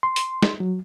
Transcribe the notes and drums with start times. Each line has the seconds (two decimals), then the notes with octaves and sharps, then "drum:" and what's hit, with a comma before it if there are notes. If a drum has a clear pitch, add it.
0.03 C6
0.16 drum: hi-hat
0.43 drum: snare
0.60 F#3